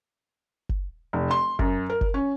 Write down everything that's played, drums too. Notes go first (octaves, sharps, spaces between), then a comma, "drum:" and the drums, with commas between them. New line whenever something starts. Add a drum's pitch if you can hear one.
drum: kick F#1
F1
C6
F#2, drum: kick F#1
A#4
drum: kick F#1
C#4